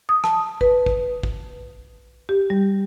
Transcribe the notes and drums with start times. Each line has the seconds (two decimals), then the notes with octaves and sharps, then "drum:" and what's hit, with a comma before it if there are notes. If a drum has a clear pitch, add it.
0.09 D#6
0.24 A5, drum: rim click
0.61 B4, drum: kick
0.86 drum: kick
1.23 drum: kick
2.29 G4
2.50 G3